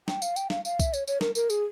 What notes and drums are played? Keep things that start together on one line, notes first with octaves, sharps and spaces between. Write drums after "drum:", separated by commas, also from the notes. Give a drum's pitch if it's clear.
G5, drum: snare
F5, drum: tambourine
G5, drum: tambourine
F5, drum: snare
F5, drum: tambourine
E5, drum: kick C2, tambourine
C#5, drum: tambourine
C#5, drum: tambourine
A#4, drum: snare
A#4, drum: tambourine
G#4, drum: tambourine